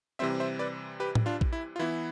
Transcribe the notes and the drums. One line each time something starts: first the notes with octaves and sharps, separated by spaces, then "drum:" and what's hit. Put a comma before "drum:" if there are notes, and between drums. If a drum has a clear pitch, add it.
C3 E3 G3 C4 C5 E5
C5 E5
B4 D5
G4 B4
drum: tom A2
D4 F4
drum: kick A#1
E4
F4
E3 B3 E4